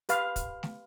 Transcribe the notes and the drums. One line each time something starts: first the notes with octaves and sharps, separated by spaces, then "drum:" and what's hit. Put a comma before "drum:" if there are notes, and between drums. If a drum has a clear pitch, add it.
G4 B4 F5, drum: hi-hat
drum: kick, hi-hat
drum: snare A3